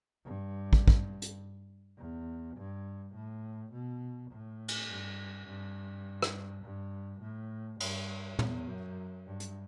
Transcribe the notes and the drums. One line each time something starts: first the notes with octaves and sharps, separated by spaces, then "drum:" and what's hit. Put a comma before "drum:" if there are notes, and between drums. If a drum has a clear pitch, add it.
G2
drum: kick
drum: kick
drum: hi-hat
E2
G2
A2
B2
A2
drum: cymbal
G2
G2
drum: rim click
G2
A2
G2, drum: cymbal
E2, drum: tom
F#2
G2
drum: hi-hat